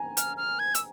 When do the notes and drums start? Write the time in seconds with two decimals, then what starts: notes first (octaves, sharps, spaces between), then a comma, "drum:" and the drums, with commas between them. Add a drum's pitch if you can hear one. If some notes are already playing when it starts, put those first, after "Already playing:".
Already playing: G#5 A#5
0.17 F6, drum: hi-hat
0.37 F6
0.59 G#6
0.75 E6, drum: hi-hat